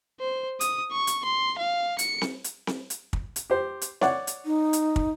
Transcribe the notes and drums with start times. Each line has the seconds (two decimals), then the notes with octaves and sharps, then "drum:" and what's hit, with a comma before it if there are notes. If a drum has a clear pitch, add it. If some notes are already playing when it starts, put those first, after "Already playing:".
0.20 C5
0.61 D#6, drum: hi-hat
0.92 C#6
1.07 drum: hi-hat
1.25 C6
1.59 F5
1.99 C#7, drum: hi-hat
2.21 drum: snare C4
2.44 drum: hi-hat
2.67 drum: snare C4
2.90 drum: hi-hat
3.13 drum: kick
3.36 drum: hi-hat
3.50 G4 C5
3.81 drum: hi-hat
4.01 C#5 D5 F#5, drum: snare C4
4.27 drum: hi-hat
4.46 D#4
4.73 drum: hi-hat
4.96 drum: kick